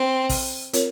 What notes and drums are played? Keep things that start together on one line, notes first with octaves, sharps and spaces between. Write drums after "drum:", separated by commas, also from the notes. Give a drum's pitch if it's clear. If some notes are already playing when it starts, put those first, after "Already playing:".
Already playing: C4
drum: kick, open hi-hat
C4 F4 A#4 C#5, drum: hi-hat